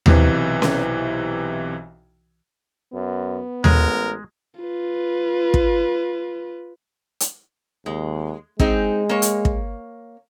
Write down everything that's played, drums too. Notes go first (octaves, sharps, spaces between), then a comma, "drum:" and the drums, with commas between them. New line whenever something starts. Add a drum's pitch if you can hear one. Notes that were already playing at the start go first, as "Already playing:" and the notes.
B1 C3 E3, drum: tom D#2
drum: snare C#4
F#2 B3
A1 G#3 A#4, drum: tom D#2
F4 B4
drum: kick
drum: hi-hat
D#2 G#3
G#3 C4 D#4 G#4, drum: kick
A#3 C#5
drum: hi-hat
drum: kick